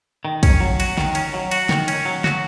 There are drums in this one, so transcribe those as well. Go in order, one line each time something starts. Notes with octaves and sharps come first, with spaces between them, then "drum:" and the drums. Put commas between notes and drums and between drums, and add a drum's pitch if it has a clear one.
D#3
C#4, drum: kick, cymbal
F#3
F#4, drum: cymbal
D#3, drum: snare
C#4, drum: cymbal
F#3
F#4, drum: cymbal
D#3, drum: snare
C#4, drum: cymbal
F#3
F#4, drum: snare